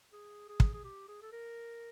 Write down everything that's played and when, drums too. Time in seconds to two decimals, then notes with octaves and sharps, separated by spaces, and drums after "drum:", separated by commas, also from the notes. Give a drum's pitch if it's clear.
0.13 G#4
0.48 G#4
0.60 drum: kick
0.74 G#4
0.84 G4
1.08 G#4
1.22 A4
1.32 A#4